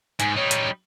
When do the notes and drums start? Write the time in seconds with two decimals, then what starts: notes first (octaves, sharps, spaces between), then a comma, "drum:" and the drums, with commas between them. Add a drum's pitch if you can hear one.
0.20 G#2 G#5, drum: hi-hat
0.36 G3 D#4 C#5
0.51 drum: hi-hat